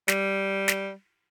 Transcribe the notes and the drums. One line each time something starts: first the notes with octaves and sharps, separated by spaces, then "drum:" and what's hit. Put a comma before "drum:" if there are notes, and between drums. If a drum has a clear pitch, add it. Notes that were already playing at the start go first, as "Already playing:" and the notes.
G3, drum: snare
drum: snare